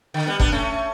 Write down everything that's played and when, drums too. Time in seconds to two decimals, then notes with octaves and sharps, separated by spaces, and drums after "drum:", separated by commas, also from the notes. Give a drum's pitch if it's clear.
0.14 D3
0.26 G3 B3
0.40 B3 D4, drum: kick
0.52 A3 C#4